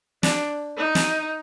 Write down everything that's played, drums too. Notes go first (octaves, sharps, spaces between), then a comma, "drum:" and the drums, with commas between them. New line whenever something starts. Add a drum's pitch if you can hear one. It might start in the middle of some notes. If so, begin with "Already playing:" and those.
D4, drum: snare
D#4
drum: snare